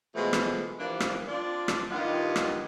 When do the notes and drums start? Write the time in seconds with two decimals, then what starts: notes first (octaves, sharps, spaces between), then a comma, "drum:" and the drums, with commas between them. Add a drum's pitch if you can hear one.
0.15 B2 E3 F3 G#3 A3 B3
0.33 drum: rim click
0.79 E3 F3 G3 A#3 D4 D5
1.00 drum: rim click
1.27 C4 D4 F4 D5
1.68 drum: rim click
1.91 G2 D#3 F4 G4 D#5 F#5
2.36 drum: rim click